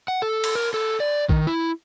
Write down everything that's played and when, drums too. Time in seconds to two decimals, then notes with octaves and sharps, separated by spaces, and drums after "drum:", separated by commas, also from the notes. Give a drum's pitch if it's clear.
0.08 F#5
0.22 A4
0.44 drum: cymbal
0.55 A#4
0.74 A4
1.00 D5
1.29 D#3, drum: kick
1.47 E4